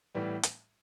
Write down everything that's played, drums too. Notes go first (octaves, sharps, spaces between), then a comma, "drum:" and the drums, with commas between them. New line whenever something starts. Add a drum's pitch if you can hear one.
A2 E3 G3 B3
drum: hi-hat